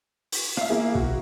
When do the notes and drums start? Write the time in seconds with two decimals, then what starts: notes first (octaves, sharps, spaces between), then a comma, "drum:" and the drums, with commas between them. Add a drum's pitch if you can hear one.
0.32 drum: open hi-hat
0.57 E5 F5, drum: rim click
0.70 A#3 E4 G#4
0.95 B1 F#4, drum: kick